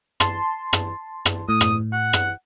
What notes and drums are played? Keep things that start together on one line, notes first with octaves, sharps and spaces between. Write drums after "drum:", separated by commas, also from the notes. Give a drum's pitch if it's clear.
A5 C6, drum: rim click
drum: rim click
drum: rim click
A2 D#6
drum: rim click
F#5
drum: rim click